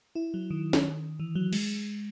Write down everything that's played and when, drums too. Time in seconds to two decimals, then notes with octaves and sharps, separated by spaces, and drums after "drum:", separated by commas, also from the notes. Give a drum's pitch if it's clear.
0.15 E4
0.34 F#3
0.50 D#3
0.73 drum: snare
1.20 E3
1.35 F#3
1.53 G#3, drum: cymbal